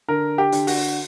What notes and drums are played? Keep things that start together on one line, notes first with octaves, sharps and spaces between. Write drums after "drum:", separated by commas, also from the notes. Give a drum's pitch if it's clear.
D3 A#4
G4
D3, drum: hi-hat
F#4, drum: open hi-hat